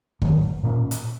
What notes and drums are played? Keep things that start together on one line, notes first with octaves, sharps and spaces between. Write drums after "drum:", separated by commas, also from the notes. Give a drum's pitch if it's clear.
D#3 F#3 A#3, drum: kick
A#2 A#3 C#4
drum: hi-hat